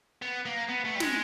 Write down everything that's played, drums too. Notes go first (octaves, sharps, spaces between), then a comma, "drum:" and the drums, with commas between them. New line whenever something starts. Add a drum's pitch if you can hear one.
B3
A#3
B3
A3
G3
G#3, drum: snare